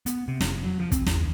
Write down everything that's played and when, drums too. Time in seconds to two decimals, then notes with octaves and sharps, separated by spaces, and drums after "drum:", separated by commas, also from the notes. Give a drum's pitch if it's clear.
0.06 B3, drum: hi-hat
0.28 C3
0.41 F1, drum: snare
0.64 F#3
0.80 F3
0.92 C4, drum: kick, hi-hat
1.06 E2, drum: snare
1.20 D#2